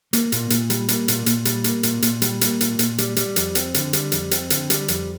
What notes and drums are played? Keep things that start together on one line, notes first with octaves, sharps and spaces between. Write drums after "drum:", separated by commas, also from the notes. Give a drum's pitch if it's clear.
A#3, drum: hi-hat
A#2, drum: hi-hat
A#2, drum: hi-hat
G3, drum: hi-hat
A#3, drum: hi-hat
A#2, drum: hi-hat
A#2, drum: hi-hat
G3, drum: hi-hat
A#3, drum: hi-hat
A#2, drum: hi-hat
A#2, drum: hi-hat
G3, drum: hi-hat
A#3, drum: hi-hat
A#2, drum: hi-hat
A#2, drum: hi-hat
G3, drum: hi-hat
G3, drum: hi-hat
F2, drum: hi-hat
C4, drum: hi-hat
D3, drum: hi-hat
G3, drum: hi-hat
F2, drum: hi-hat
C4, drum: hi-hat
D3, drum: hi-hat
G3, drum: hi-hat
F2, drum: hi-hat